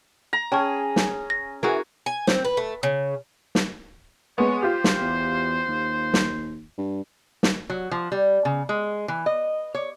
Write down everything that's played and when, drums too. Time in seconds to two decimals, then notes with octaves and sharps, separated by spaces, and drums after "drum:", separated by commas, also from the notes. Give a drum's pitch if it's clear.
0.33 A#5
0.52 C#4 G#4 G5 A5 C#6
0.96 drum: snare
1.30 A#6
1.63 E3 F#4 G#4 A#4
2.06 G#5
2.27 C4, drum: snare
2.45 B4
2.57 A3
2.83 C#3
3.55 drum: snare
4.38 G#3 B3 C#5
4.62 F4 G4 C5
4.84 drum: snare
5.00 E2
5.68 D#2
6.14 drum: snare
6.78 G2
7.43 drum: snare
7.70 F#3
7.91 F3
8.12 G3
8.45 C#3
8.69 G#3
9.08 E3
9.26 D#5
9.75 C#5